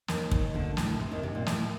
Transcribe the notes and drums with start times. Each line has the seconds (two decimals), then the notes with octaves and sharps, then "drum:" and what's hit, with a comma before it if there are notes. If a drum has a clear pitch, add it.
0.08 D#2 D#3, drum: snare
0.31 drum: kick
0.54 D2 D3
0.77 A2, drum: snare
1.00 C3
1.11 D#2 D#3
1.23 C3
1.35 A#2
1.46 A2, drum: snare